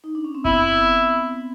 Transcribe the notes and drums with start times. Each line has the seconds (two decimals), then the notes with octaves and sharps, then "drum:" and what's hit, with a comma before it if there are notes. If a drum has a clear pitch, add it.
0.04 D#4
0.15 D4
0.24 C#4
0.35 C4
0.45 B3 E4, drum: kick F#1
0.63 B3
0.82 B3